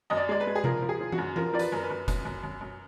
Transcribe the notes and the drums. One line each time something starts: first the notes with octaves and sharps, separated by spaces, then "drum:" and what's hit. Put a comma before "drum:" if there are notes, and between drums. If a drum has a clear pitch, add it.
F#2 D#5
D5
G#3 D5
B4
G#3
G#4
F3 A#4, drum: tom C3
F3
G#4
F3
F#4, drum: tom E3
F#2
F3 A#4, drum: tom E3
F3 D5
B4, drum: hi-hat
F#2 A#4
B4
F#2
F#2, drum: kick F1, hi-hat
F#2
F#2
F#2